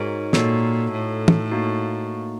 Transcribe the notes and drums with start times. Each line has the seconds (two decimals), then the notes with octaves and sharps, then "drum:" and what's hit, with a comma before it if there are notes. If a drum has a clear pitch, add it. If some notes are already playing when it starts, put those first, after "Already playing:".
Already playing: G#2 D#4 F#4 A#4 C#5
0.33 A#2 D#4 F#4 A4 C#5, drum: snare
0.92 A2
1.28 drum: tom
1.51 A#3 D#4 F#4